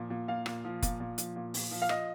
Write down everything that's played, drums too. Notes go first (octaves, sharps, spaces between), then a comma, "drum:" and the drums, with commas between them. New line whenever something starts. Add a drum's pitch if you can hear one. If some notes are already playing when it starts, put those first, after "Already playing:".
Already playing: A#2 F3
A#2
A#2 F5
A#2, drum: rim click
F3
A#2, drum: kick, hi-hat
A#2
F3, drum: hi-hat
A#2
A#2, drum: open hi-hat
F3
F5
F3 D#5, drum: rim click